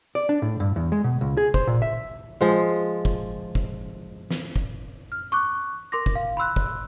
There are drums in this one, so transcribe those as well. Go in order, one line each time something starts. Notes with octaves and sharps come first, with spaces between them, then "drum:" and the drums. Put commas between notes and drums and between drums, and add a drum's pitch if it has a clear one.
D5
D4
A2
G2
E2
G#3
B2
C#2
G#4
C5, drum: kick
A#2
E5
F3 G#3
drum: kick
drum: kick
drum: snare
drum: kick
F6
C#6 D6 F#6
A#4 C6 D6 A#6
drum: kick
F5
B5 C6 E6 F#6
drum: kick